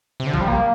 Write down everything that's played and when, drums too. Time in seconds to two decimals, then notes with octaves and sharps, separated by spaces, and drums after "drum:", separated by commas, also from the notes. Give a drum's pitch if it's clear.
0.20 C3
0.27 D3
0.33 F3, drum: kick A1
0.41 G3
0.48 A#3